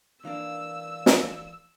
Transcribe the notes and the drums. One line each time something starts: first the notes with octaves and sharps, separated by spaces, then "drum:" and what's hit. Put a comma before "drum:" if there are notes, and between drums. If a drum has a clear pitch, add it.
E3 A#3 D4 F5 E6
drum: snare